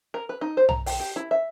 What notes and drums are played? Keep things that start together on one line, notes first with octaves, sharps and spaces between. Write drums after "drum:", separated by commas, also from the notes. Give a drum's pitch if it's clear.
A#4
B4
D#4
C5
A#5, drum: tom
G5, drum: open hi-hat
G4
E4
E5